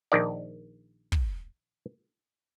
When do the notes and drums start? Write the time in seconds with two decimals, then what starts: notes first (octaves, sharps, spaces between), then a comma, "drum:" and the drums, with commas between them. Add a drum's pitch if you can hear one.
0.12 A#1 D#3 D5
1.12 drum: kick